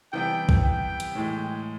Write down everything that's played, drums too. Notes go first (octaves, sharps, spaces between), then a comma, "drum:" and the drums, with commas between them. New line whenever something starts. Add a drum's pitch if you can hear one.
C3 E3 G3 B3 G5
drum: kick
G5
drum: hi-hat
A2 E3 G#3